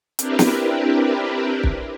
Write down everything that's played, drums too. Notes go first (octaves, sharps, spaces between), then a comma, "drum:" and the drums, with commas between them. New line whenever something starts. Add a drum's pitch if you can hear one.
C4 D4 E4 G4 A#4 B4, drum: hi-hat
drum: snare
drum: kick